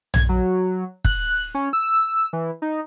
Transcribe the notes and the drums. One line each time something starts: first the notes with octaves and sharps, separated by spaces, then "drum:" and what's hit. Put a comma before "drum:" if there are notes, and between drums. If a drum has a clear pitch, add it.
G#6, drum: tom A#1
F#3
F#6, drum: kick
C#4
E6
E3
D#4